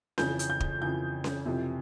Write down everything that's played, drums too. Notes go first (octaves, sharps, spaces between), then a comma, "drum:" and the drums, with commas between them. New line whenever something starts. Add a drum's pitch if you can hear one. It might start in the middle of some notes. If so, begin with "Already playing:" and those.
F2 C#3 E3 G6, drum: snare C#4
drum: hi-hat
G6
drum: kick
F2 C#3 E3 G6
drum: snare C#4
F2 C3 E3